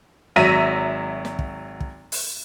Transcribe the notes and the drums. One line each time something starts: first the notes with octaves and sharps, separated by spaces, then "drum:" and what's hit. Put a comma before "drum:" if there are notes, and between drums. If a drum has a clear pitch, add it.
G#1 F#3 E5 A#6 D#7
drum: snare
drum: kick
drum: kick
drum: open hi-hat